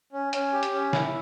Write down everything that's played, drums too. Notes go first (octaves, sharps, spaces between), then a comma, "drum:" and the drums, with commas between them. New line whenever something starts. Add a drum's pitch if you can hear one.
C#4
C#4, drum: hi-hat
G4
drum: hi-hat
C#4
E4, drum: snare